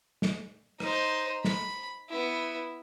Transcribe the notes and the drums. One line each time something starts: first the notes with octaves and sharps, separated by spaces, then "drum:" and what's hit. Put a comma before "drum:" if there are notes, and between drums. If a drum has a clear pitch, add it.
drum: snare
D#4 C5, drum: rim click
B5, drum: snare
B3 E4